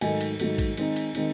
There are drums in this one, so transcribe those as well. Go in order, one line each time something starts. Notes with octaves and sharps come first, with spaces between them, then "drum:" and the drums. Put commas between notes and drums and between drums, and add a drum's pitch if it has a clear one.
G#2 D#3 F#3 A3 G#5, drum: cymbal
drum: cymbal
G#2 D#3 F#3 A3, drum: cymbal
drum: kick A1, cymbal
D#3 G#3 C4 D#4, drum: cymbal
drum: cymbal
D#3 G#3 C4 D#4, drum: cymbal